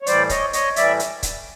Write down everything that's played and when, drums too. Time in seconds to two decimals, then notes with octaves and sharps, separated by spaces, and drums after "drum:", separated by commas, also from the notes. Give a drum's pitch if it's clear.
0.02 C#5
0.06 A2 E3 G3 C5 D5, drum: hi-hat
0.29 C#5 D#5, drum: kick, hi-hat
0.53 C#5 D#5, drum: hi-hat
0.76 A2 E3 G3 D5 E5, drum: hi-hat
0.99 drum: hi-hat
1.23 drum: kick, hi-hat